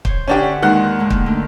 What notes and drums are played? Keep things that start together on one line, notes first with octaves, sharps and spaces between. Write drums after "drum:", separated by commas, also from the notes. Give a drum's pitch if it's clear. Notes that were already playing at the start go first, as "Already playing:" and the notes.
C5 C#5, drum: kick
D3 C#4 D4 G4 E5
F#5
D#2 D#3 G#3 F#5 C6 F#6
G#2 D3 A#3
drum: kick
D3 A3